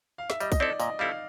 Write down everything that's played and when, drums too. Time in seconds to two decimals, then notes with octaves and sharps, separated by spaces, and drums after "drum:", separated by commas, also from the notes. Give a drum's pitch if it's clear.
0.18 F5
0.30 E5, drum: snare
0.40 G3 D#5, drum: tambourine
0.52 D#5, drum: kick, tambourine
0.60 C4 E4 A4 D5
0.80 A#2 D#5, drum: tambourine
0.99 G3 C4 E4 A4 F5